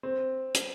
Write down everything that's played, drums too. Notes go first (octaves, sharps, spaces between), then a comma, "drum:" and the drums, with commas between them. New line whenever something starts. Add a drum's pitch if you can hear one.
C4
drum: hi-hat